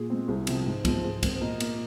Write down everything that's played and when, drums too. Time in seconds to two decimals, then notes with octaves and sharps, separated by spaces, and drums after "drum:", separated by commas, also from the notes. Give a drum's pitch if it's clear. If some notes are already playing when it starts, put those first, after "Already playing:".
Already playing: A#2 G#4
0.10 G#3 C4
0.28 C2 G#4
0.47 C3 F3 C4, drum: cymbal
0.66 G#2
0.85 F3 G#3 C4, drum: kick C#2, cymbal
1.04 G#2 G#4 C5
1.23 G#3 C4, drum: kick C#2, cymbal
1.33 C5
1.41 A#2 A#4 D#5
1.60 A#3, drum: cymbal